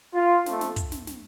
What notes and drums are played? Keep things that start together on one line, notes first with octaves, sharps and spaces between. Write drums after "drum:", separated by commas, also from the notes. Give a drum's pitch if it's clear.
F4
F2 F3 A3, drum: snare
drum: snare
drum: kick, hi-hat
drum: snare
drum: snare